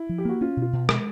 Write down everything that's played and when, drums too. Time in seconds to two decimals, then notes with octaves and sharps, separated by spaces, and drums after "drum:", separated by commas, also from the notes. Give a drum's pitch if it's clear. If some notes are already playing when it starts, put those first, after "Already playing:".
Already playing: E4
0.09 F3
0.18 G4
0.25 A#3 F#4
0.41 C#4 F4
0.57 B2
0.62 F4
0.73 B2
0.89 G#3, drum: rim click